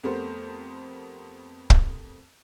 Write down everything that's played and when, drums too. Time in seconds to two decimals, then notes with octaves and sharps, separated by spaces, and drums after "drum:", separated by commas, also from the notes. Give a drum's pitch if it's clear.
0.03 F2 A3 B3 G4 A#4 C5
1.70 drum: kick